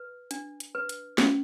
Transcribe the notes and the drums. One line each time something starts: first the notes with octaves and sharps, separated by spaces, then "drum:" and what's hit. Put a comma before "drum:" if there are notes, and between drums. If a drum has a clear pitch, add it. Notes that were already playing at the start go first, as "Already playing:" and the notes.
Already playing: B4
D4, drum: hi-hat
drum: hi-hat
B4
drum: hi-hat
C#4, drum: snare